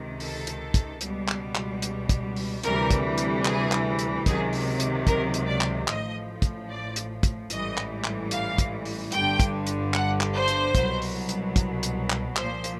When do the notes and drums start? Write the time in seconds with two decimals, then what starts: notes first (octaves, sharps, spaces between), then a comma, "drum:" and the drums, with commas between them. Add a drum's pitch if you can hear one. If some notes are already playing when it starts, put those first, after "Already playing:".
Already playing: C#2 C3 D#3
0.20 A4, drum: open hi-hat
0.47 drum: hi-hat
0.74 drum: kick, hi-hat
1.01 C#2 B2 G3, drum: hi-hat
1.28 drum: clap
1.55 drum: clap
1.82 drum: hi-hat
2.09 drum: kick, hi-hat
2.36 drum: open hi-hat
2.64 D2 C3 E3 G3 A#4, drum: hi-hat
2.91 drum: kick, hi-hat
3.18 drum: hi-hat
3.45 G#4, drum: clap
3.72 drum: clap
3.99 drum: hi-hat
4.26 C#2 C3 D#3 F#3 G#4, drum: kick, hi-hat
4.53 drum: open hi-hat
4.80 drum: hi-hat
5.07 A#4, drum: kick, hi-hat
5.34 drum: hi-hat
5.47 D5
5.61 drum: clap
5.88 A1 A2 F3 D#5, drum: clap
6.42 drum: kick, hi-hat
6.69 D5
6.96 drum: hi-hat
7.23 drum: kick, hi-hat
7.50 A1 G#2 E3 G3 D#5, drum: hi-hat
7.77 drum: clap
8.04 drum: clap
8.31 F5, drum: hi-hat
8.58 drum: kick, hi-hat
8.85 drum: open hi-hat
9.12 G1 G2 D3 G5, drum: hi-hat
9.40 drum: kick, hi-hat
9.67 drum: hi-hat
9.94 F#5, drum: clap
10.21 drum: clap
10.34 C5
10.48 drum: hi-hat
10.75 C2 B2 F#3, drum: kick, hi-hat
11.02 drum: open hi-hat
11.29 drum: hi-hat
11.56 drum: kick, hi-hat
11.83 drum: hi-hat
12.10 drum: clap
12.36 C2 A#2 F3 C5, drum: clap
12.64 drum: hi-hat